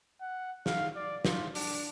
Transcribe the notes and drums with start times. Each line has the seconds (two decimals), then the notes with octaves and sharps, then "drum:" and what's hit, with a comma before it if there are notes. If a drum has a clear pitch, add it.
0.21 F#5
0.66 F5, drum: snare
0.96 D5
1.25 F4, drum: snare
1.55 D4, drum: open hi-hat